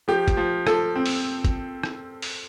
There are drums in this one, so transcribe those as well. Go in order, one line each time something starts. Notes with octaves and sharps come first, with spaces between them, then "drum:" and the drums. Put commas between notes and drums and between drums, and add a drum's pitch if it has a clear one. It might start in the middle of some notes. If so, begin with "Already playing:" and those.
F3 G4
drum: kick G1, hi-hat
F3
F3 A4, drum: rim click
C4
drum: open hi-hat
drum: kick G1, hi-hat
drum: rim click
drum: open hi-hat